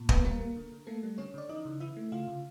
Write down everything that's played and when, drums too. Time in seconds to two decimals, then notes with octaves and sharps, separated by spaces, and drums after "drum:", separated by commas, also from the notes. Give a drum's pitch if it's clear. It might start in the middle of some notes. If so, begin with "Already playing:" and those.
Already playing: A#2
0.09 A#3 B3 B4, drum: kick
0.24 G3 A#3 A#4
0.40 A#3
0.56 D3
0.72 D3
0.87 A3 A#3 A4
1.03 G3
1.18 D3 C#4 C#5
1.34 D3 D5
1.49 E3 D#4 D#5
1.65 C#3
1.80 E3 E4 E5
1.96 A3
2.12 C#3 F4 F5
2.27 C#3